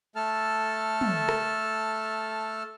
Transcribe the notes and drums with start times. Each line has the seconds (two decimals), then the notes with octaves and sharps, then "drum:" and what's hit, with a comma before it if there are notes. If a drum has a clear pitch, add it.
0.16 A3 A4 A5 F6
1.01 drum: tom
1.29 drum: rim click